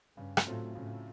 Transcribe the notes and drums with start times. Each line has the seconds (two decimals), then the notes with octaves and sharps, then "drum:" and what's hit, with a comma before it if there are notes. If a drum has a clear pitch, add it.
0.17 G2 C#3
0.37 drum: rim click
0.47 A2 F#3 A3 C4 F4
0.75 A2 C#3